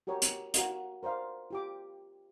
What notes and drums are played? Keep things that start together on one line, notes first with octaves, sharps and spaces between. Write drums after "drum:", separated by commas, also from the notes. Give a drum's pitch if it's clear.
F#4 G4 A#4 C#5
drum: hi-hat
F#4 A#4 F5, drum: hi-hat
A#4 C5 D5 F5
F4 G4 D6